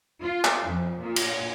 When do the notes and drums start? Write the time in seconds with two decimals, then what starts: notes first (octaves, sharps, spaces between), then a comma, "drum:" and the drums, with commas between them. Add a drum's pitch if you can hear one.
0.22 F4
0.44 drum: clap
0.67 F2
1.00 A#2
1.16 drum: cymbal